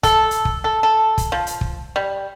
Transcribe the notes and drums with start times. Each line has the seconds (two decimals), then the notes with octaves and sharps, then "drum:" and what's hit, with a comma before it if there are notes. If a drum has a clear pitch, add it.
0.03 A4, drum: kick, hi-hat
0.31 drum: hi-hat
0.45 drum: kick
0.64 A4
0.83 A4
1.18 drum: kick, hi-hat
1.32 F3
1.47 drum: hi-hat
1.61 drum: kick
1.96 G3